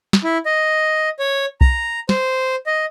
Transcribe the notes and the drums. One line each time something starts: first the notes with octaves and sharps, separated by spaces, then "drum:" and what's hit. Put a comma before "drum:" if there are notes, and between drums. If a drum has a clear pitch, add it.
drum: snare
E4
D#5
C#5
A#5, drum: kick B1
C5, drum: snare
D#5